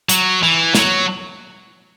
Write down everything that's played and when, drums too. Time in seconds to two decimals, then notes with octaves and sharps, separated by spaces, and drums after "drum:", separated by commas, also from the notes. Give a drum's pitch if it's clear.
0.09 F#3, drum: hi-hat
0.43 E3
0.75 F#3, drum: snare